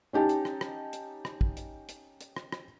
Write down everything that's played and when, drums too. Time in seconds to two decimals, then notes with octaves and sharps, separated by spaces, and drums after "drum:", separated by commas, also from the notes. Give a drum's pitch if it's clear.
0.13 C#4 D#4 G4 A5
0.29 drum: hi-hat
0.45 drum: rim click
0.61 drum: rim click
0.93 drum: hi-hat
1.25 drum: rim click
1.41 drum: kick
1.57 drum: hi-hat
1.89 drum: hi-hat
2.21 drum: hi-hat
2.37 drum: rim click
2.52 drum: rim click